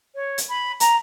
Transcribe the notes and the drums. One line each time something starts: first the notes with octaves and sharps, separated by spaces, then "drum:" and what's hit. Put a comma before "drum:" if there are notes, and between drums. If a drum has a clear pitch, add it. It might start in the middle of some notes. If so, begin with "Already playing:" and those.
C#5
drum: hi-hat
B5
A#5, drum: hi-hat